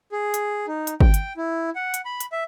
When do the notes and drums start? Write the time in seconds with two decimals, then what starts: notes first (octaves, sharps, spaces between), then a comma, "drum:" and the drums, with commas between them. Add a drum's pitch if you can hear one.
0.12 G#4
0.34 drum: hi-hat
0.68 D#4
0.87 drum: hi-hat
1.01 G5, drum: kick
1.14 drum: hi-hat
1.37 E4
1.75 F#5
1.94 drum: hi-hat
2.05 B5
2.20 drum: hi-hat
2.32 E5